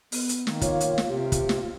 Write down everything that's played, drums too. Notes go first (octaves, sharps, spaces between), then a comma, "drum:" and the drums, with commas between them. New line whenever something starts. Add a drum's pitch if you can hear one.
B3, drum: open hi-hat
drum: hi-hat
D#3 A#3, drum: snare
F4 C#5, drum: kick, hi-hat
drum: hi-hat
drum: snare
C3 G4
drum: kick, hi-hat
drum: snare